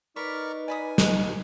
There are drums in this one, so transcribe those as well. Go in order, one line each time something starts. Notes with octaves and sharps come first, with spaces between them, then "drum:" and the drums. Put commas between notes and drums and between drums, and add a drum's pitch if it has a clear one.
D#4 A#4 B4 D5 B5 C#6
D5 G#5 B5 D#6
D#5, drum: snare